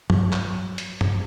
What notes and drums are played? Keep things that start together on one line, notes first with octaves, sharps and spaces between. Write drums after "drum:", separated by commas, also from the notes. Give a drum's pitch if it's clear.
F#3, drum: tom G2
drum: clap
drum: hi-hat
drum: tom G2